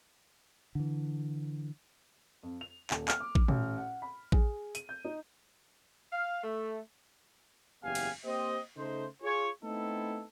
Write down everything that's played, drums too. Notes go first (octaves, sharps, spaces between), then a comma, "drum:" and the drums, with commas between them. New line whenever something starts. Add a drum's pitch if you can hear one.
D3 E3
F2
F7
D#1, drum: clap
F6, drum: clap
D6
drum: kick A1
A1, drum: tom A#2
F#5
B5
G#4, drum: kick A1
D#7, drum: hi-hat
G6
D#4
F5
A3
F#1 E2 B3 G4 F5 G#5
drum: cymbal
A#3 C4 G4 C5 D#5
C#3 A3 D#4 A4 C5
F4 G#4 C#5
A3 B3 C4 D#4 E4 A4